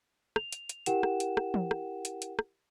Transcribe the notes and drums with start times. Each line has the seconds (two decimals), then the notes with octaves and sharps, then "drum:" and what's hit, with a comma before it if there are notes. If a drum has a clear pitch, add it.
0.36 F7, drum: rim click
0.52 drum: hi-hat
0.69 drum: hi-hat
0.86 E4 G4 A#4 F#5 G5 E7, drum: hi-hat
1.03 drum: rim click
1.20 drum: hi-hat
1.37 drum: rim click
1.54 drum: tom E3
1.71 drum: rim click
2.05 drum: hi-hat
2.22 drum: hi-hat
2.39 drum: rim click